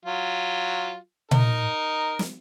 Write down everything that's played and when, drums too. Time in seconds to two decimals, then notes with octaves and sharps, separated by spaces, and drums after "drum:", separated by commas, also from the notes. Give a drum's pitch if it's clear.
0.05 F#3 F4
1.31 D#4 A#4, drum: tom A#2
2.19 drum: snare